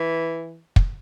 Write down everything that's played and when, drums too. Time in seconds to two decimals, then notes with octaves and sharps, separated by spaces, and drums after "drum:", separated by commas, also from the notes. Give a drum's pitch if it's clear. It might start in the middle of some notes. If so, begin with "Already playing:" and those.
Already playing: E3
0.76 drum: kick